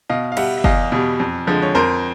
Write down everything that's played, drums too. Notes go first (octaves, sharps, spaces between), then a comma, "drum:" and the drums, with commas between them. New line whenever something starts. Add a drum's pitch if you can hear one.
B2 D#5 F5
F5
G3 E5 F#5, drum: cymbal
E5
E2 D#5 F5, drum: kick
B2 G3
F2
D3 F3 G#3
C#5
F2 A#4 C5